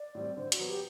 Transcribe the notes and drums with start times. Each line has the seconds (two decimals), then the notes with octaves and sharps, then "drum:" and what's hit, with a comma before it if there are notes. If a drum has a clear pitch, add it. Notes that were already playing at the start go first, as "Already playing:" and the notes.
Already playing: D5
0.15 A2 G3 C4
0.37 D3 C5
0.52 F#4, drum: hi-hat
0.59 F#3 B3
0.67 G4